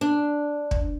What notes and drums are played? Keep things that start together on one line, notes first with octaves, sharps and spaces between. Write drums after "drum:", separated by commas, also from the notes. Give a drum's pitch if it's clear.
D4
drum: kick